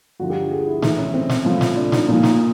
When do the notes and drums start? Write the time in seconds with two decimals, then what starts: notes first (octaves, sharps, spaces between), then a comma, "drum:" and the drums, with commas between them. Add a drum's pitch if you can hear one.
0.20 G2 D3 F3 F#4
0.30 G4
0.51 G#4
0.67 E4
0.82 A2 E3 D#4, drum: snare
0.98 C#4
1.14 C4
1.29 drum: snare
1.45 A2 F3
1.61 drum: snare
1.76 D4
1.92 D#4, drum: snare
2.08 A#2 F3 D#4
2.23 D#4, drum: snare